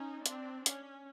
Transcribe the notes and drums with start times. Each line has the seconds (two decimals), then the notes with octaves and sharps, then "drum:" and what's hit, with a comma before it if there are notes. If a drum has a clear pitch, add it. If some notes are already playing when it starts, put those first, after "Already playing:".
Already playing: C#4 D#4
0.26 C4 D4, drum: hi-hat
0.66 C#4, drum: hi-hat